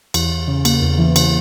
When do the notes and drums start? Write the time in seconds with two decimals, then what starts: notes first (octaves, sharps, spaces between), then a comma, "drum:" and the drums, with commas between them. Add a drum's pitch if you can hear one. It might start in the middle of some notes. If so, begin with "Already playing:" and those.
0.14 E2, drum: cymbal
0.31 E2
0.48 C#3
0.65 A#3, drum: cymbal
0.82 E2
0.98 E3
1.16 C#3, drum: cymbal